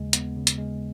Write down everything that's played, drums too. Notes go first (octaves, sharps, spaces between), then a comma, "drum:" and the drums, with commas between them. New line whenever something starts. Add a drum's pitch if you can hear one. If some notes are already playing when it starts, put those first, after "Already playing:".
Already playing: D#2 C#3 G#3
B3, drum: hi-hat
C#3
drum: hi-hat
G#3